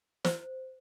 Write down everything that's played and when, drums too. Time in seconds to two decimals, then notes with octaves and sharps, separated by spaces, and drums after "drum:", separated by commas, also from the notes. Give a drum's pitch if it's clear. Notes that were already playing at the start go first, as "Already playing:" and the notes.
0.25 C5, drum: snare